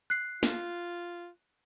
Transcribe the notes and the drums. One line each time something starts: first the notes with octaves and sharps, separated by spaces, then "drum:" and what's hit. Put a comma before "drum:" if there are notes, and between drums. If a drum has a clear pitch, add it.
F#6 C7
F4, drum: snare